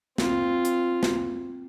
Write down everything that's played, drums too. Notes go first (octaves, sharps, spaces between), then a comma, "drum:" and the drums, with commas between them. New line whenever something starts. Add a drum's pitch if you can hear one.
C4 F4, drum: snare
drum: hi-hat
drum: snare